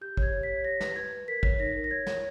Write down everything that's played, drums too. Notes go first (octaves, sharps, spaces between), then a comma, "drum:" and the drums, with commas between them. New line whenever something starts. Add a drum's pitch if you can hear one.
G4 G6
C#5, drum: kick
G#6
G4
B6
C#5
G4 A#6
B4, drum: snare
B4 G#6
B4
A#4 B6
C#5, drum: kick
D#4 A#6
A#4
A#6
C#5 G#6
C#5, drum: snare